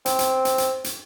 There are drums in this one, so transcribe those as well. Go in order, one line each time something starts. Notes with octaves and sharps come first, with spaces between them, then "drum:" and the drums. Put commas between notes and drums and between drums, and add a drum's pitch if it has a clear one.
C4, drum: hi-hat
drum: hi-hat
drum: hi-hat
drum: hi-hat
drum: hi-hat